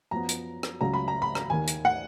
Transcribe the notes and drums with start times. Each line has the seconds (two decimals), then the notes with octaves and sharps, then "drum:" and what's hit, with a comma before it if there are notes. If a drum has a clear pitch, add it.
0.11 F#2 F3 B3 A#5
0.29 drum: hi-hat
0.63 drum: rim click
0.81 C#2 C#3 F#3 A#5
0.94 B5
1.08 A#5
1.22 B5
1.35 A#5, drum: rim click
1.50 D#2 D#3 A#3 G#5
1.67 drum: hi-hat
1.85 F#5